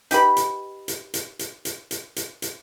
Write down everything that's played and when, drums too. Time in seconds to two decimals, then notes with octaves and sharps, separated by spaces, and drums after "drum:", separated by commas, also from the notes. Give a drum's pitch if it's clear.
0.11 D#4 G4 B4 B5, drum: hi-hat
0.36 drum: hi-hat
0.88 drum: hi-hat
1.14 drum: hi-hat
1.39 drum: hi-hat
1.65 drum: hi-hat
1.91 drum: hi-hat
2.16 drum: hi-hat
2.42 drum: hi-hat